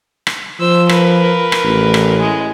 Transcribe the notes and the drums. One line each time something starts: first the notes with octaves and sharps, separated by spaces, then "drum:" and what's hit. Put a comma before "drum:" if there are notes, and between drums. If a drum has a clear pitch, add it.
drum: rim click
F3 C5 E6
A#4 B4, drum: rim click
drum: rim click
A1
drum: rim click
G#3